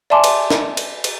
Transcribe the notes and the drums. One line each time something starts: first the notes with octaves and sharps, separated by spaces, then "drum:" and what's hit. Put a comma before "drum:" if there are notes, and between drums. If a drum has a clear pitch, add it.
D5 E5 G#5 A5 C6 D6
drum: cymbal
drum: snare
drum: cymbal
drum: cymbal